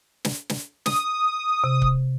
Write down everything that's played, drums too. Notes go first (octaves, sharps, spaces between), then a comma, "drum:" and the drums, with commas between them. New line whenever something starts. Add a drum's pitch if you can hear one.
drum: snare
drum: snare
D#6, drum: snare
C3
drum: kick C#1